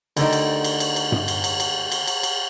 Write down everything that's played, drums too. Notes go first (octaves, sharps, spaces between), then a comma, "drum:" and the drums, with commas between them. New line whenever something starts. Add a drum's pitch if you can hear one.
D2 D3 D#3, drum: cymbal
drum: cymbal
drum: cymbal
drum: cymbal
drum: cymbal
drum: tom G2
drum: cymbal
drum: cymbal
drum: cymbal
drum: cymbal
drum: cymbal
drum: cymbal